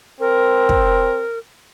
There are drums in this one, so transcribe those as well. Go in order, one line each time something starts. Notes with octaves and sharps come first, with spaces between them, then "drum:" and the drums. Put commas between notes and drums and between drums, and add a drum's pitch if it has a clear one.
C4 A#4
drum: kick